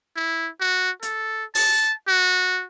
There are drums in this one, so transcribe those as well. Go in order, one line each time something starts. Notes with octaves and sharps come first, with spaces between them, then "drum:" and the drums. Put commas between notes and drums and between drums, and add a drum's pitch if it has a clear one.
E4
F#4
A4, drum: hi-hat
A5, drum: open hi-hat
F#4